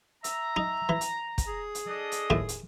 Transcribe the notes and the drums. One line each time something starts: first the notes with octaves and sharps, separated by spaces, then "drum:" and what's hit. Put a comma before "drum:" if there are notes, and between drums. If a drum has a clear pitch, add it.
E5 A#5, drum: hi-hat
D#4
E3
drum: hi-hat
drum: kick, hi-hat
G#4
drum: hi-hat
D4 A4 D#5
drum: hi-hat
D#2 A2, drum: kick
drum: hi-hat